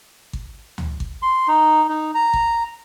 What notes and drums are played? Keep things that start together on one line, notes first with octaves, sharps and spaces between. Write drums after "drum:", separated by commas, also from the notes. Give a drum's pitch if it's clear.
drum: kick G#1
drum: tom D2
drum: kick G#1
C6
D#4
D#4
A#5
drum: kick G#1